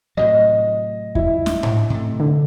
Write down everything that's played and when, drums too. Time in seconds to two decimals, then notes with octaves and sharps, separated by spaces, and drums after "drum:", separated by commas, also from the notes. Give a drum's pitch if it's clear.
0.17 A2 C3 F#3 D#5
1.15 E4, drum: kick E2
1.46 drum: snare
1.63 drum: tom A2
1.90 C3 A3
2.20 D3